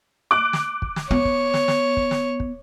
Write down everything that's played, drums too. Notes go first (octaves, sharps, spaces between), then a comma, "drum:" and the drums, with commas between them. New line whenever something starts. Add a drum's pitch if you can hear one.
D6 F#6
drum: snare
drum: kick
drum: snare
B3 C#5
drum: kick
drum: snare
drum: snare
drum: kick
drum: snare
drum: kick